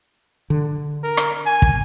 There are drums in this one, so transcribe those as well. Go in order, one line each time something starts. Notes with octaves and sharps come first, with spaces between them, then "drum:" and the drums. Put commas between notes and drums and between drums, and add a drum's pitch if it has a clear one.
D3
A#4
drum: rim click
G#5
drum: kick